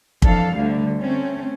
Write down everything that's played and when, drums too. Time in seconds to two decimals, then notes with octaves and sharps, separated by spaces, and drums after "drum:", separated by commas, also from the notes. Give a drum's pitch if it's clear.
0.22 F2 E3 D4 A4 F5, drum: kick
0.54 D2 D3 G3 A3
0.99 A3 C4 C#4